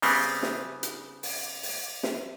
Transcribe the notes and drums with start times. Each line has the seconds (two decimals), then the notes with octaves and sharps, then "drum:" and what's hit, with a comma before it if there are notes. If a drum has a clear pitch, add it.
0.02 C#3 G3 B3 C4, drum: open hi-hat
0.43 drum: snare
0.83 drum: hi-hat
1.23 drum: open hi-hat
1.63 drum: open hi-hat
2.03 drum: snare